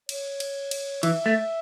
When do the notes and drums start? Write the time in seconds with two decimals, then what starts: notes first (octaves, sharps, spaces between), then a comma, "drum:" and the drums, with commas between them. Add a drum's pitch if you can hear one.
0.09 C#5, drum: cymbal
0.40 drum: cymbal
0.71 drum: cymbal
1.03 E3 E5, drum: cymbal
1.26 A3